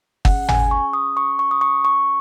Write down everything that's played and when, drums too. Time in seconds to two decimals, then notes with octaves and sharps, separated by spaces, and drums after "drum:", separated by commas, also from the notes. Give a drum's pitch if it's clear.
0.25 C#4 G#4 F#5, drum: kick G1
0.49 G#5, drum: tom G#1
0.71 C#6
0.93 D#6
1.17 C#6
1.39 C#6
1.51 D#6
1.61 C#6
1.85 C#6